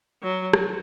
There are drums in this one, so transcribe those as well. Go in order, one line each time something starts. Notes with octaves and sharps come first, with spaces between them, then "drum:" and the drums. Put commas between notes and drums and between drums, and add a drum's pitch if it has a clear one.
F#3
drum: rim click